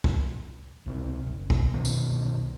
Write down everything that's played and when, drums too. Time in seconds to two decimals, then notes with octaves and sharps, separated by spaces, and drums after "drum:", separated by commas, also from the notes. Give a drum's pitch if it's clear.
0.04 drum: kick
0.86 C#2 C3 C4
1.27 F#1
1.50 B1, drum: kick
1.74 C2 B2 D#3 B3
1.85 drum: tambourine